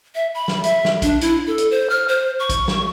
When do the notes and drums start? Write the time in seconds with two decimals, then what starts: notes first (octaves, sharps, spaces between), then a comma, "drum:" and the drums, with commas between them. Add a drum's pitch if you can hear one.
0.15 E5
0.35 B5
0.48 drum: snare
0.64 E5, drum: hi-hat
0.85 drum: snare
1.02 D4, drum: kick, hi-hat
1.21 E4, drum: hi-hat
1.47 A4
1.58 drum: hi-hat
1.71 C5
1.90 F6
2.08 C5
2.39 C#6
2.49 drum: kick, hi-hat
2.68 drum: snare